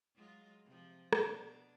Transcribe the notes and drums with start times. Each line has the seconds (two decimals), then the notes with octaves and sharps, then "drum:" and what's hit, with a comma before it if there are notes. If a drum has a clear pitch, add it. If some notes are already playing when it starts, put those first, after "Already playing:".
0.14 F#3 G#3 F4
0.65 C3 F3
1.13 B2 D4, drum: rim click